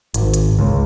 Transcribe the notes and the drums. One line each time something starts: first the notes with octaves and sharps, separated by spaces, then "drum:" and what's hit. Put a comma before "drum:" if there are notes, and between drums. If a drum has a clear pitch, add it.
G#1, drum: hi-hat
drum: hi-hat
C#2